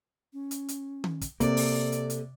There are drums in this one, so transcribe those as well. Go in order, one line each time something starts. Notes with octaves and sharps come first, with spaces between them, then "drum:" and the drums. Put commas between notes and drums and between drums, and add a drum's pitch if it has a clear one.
C#4
drum: hi-hat
drum: hi-hat
drum: tom D#3
drum: kick, hi-hat
C3 A#3 A4 D5, drum: kick, hi-hat
drum: open hi-hat
drum: hi-hat
drum: hi-hat